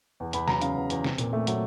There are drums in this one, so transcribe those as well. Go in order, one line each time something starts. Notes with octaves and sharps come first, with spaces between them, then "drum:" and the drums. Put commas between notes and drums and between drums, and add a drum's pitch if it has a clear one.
E2
E2 B5, drum: hi-hat
F#3 A#5, drum: snare
C#3 F5, drum: hi-hat
E2
E2, drum: hi-hat
C4, drum: snare
A#2, drum: hi-hat
A3
F#3, drum: hi-hat